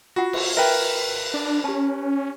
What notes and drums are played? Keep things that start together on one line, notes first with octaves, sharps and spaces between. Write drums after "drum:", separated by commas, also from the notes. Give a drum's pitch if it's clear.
F4 F#4 F#5
drum: cymbal
A#4 B4 E5 G5
D4
C#4 G4 A5